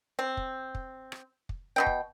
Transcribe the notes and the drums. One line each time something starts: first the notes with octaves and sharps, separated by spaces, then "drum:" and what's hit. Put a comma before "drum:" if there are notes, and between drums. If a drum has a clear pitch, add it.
C4
drum: kick
drum: kick
drum: rim click
drum: kick
B2 D#4 G5
drum: kick